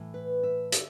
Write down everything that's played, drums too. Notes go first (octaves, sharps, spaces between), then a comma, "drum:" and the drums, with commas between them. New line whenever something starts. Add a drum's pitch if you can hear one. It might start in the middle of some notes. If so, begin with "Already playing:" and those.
Already playing: A2 E3
B4
E5
D3 E5, drum: hi-hat